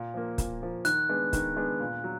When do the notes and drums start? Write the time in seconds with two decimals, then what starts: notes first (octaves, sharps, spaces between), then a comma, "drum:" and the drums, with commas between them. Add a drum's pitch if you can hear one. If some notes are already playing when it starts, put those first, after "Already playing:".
Already playing: A#2
0.14 F3 A#3
0.38 A#2, drum: kick, hi-hat
0.61 F3 A#3
0.85 D#3 F#6, drum: hi-hat
1.09 G#3 B3 D4
1.33 D#3, drum: kick, hi-hat
1.57 G#3 B3 D4
1.80 A#2
2.04 F#3